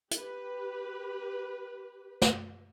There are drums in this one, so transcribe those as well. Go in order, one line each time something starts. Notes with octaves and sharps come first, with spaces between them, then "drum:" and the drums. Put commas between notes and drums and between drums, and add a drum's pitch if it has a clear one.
G4 B4, drum: hi-hat
drum: snare